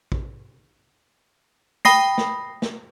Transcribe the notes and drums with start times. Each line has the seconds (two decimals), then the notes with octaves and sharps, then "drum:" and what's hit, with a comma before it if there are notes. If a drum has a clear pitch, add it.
0.12 drum: kick
1.85 G5 B5 D#6 A#6 C7, drum: snare
2.18 drum: snare
2.62 drum: snare